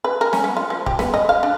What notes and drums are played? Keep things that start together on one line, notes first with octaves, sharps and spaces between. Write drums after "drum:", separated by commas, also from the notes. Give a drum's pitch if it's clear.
B4
A#4
C#4, drum: snare
B3
F4
F3
G4, drum: kick
B3, drum: snare
D#5
F5
D4